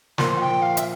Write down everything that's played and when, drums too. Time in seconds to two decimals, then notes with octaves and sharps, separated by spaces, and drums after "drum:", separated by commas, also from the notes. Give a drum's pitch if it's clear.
0.18 A#2 F3 A#3 C6, drum: snare
0.36 F#5
0.40 G5
0.62 F5
0.77 E5, drum: hi-hat